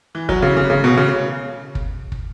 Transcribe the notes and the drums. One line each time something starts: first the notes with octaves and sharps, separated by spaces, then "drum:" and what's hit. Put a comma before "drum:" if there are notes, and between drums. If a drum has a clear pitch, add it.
E3
F#3, drum: kick
C#3
C#3
C#3
B2
C#3
drum: kick
drum: kick